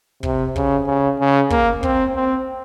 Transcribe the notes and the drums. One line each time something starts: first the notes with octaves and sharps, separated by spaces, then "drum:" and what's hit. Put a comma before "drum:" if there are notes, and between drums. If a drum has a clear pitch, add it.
C3, drum: kick
C#3, drum: kick
C#3
C#3
A#3, drum: kick
C4, drum: kick
C4